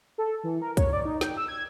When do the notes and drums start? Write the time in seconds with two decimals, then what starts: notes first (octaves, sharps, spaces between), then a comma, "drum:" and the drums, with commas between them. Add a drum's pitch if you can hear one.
0.18 A4
0.44 E3
0.62 A#4
0.77 C#5, drum: kick, hi-hat
0.93 D5
1.05 D#4
1.21 G5, drum: snare
1.37 E6
1.48 G#6